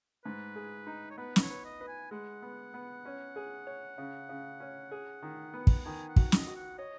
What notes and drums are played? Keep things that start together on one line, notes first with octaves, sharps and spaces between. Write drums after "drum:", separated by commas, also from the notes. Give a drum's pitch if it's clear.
G#2 B4
G#4
D#4
C#5
B3 B4
D#5, drum: snare
C#5
B4
D#5
B4
G#5
G#3 F#5
B3
B3
C#4
G#4
C#5
C#3
C#3
C#4
G#4
D#3
B3
drum: kick
F#5
D#3 G#5
F#5
F#4, drum: kick
D#5, drum: snare
F#4
F#5
C#5 D#5